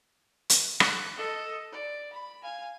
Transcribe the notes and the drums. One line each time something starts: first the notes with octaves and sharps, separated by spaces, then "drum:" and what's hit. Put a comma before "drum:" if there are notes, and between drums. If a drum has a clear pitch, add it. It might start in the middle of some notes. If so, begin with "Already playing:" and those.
drum: hi-hat
F#6, drum: rim click
A4 D#5
D5
B5
F5 G#5